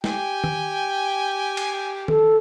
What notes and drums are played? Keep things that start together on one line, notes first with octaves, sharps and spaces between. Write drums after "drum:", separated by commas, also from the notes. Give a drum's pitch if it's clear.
G4 G5 G#5, drum: snare
drum: tom D#3
drum: cymbal
A4, drum: tom D#3